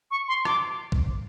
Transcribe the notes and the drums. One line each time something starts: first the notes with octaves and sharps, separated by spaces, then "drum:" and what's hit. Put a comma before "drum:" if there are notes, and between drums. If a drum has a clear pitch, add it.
C#6
C6
D6, drum: rim click
drum: kick A#1